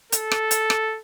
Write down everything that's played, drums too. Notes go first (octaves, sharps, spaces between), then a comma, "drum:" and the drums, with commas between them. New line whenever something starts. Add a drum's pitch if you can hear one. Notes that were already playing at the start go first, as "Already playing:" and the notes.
A4, drum: hi-hat
drum: rim click
drum: hi-hat
drum: rim click